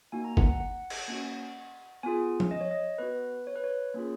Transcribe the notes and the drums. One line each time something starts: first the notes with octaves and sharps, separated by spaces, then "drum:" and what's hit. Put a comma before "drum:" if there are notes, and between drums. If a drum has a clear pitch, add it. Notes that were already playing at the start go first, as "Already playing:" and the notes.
A#3 D#4 F#4 G#5
A#5
F#5, drum: kick F#1
F#5
F#5
drum: cymbal
A#3 C#4 F#4
B3 F4 G#4 G#5
drum: tom F3
D#5
C#5
D#5
B3 F#4 B4
C#5
B4
C#5
A#3 C#4 F4 G#4